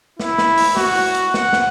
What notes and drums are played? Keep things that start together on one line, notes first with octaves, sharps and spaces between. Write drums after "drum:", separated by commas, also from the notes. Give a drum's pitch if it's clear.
E4, drum: snare
drum: snare
drum: open hi-hat
F#4, drum: snare
drum: open hi-hat
drum: hi-hat
F#5, drum: snare
drum: snare